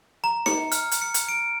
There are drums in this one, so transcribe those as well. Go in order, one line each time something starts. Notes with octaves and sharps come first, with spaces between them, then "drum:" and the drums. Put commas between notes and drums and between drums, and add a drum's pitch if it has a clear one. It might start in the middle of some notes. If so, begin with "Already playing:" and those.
A#5
C#7, drum: snare D#4
F6, drum: hi-hat
drum: hi-hat
C#7
drum: hi-hat
D7